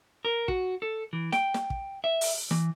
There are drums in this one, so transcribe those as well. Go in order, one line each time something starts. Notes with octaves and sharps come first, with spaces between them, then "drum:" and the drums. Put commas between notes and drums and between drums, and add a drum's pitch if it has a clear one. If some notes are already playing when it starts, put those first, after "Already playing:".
A#4
F#4, drum: kick
A4
E3
G5, drum: snare
drum: snare
drum: kick
E5
drum: open hi-hat
E3, drum: snare